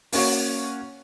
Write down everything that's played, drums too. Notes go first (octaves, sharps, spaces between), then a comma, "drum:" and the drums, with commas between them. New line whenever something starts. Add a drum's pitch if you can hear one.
A#3 C#4 F#4 C#5, drum: open hi-hat